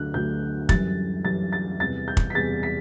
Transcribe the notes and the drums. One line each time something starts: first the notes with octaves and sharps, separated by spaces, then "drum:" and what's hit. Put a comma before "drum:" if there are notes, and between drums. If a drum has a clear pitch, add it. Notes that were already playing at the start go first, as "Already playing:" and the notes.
Already playing: D2 D3 F#3 F#6
D2 D3 F#3 G6
F#2 E3 G3 A6, drum: kick
F#2 E3 G3 A6
A6
E2 C3 E3 G3 A6
G6
drum: kick
B6
E2 C3 E3 G3 A6
B6